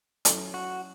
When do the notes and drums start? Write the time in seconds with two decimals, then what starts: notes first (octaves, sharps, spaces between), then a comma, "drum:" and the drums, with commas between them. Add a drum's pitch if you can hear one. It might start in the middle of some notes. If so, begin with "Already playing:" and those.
0.25 F#3 C#4 E4 A4, drum: hi-hat
0.54 F#4